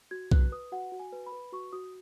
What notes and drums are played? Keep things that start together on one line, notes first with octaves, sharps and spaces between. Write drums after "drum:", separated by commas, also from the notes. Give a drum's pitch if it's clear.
F#4 G#6
B4 F#6, drum: kick B1
B4 D#6
F#4 F#5
F#4
G#5
B4
B5
B4
F#4 C#6
F#4 D#6